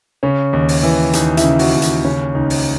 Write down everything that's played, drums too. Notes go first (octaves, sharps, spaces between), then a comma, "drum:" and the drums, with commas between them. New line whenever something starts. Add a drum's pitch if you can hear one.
C#3 C#4
D#2
drum: open hi-hat
E3
D#2 D#4, drum: hi-hat
E4, drum: hi-hat
C#3
F#4, drum: open hi-hat
D#2
F#4, drum: hi-hat
C#3 C#4
C#2 D#4
drum: open hi-hat